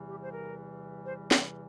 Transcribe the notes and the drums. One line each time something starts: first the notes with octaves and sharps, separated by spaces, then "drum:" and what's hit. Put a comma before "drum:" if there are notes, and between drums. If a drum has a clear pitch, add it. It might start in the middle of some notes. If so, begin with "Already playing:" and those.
Already playing: E2 C3 E3 G3
G4
C5
A#4
C5
A#4, drum: snare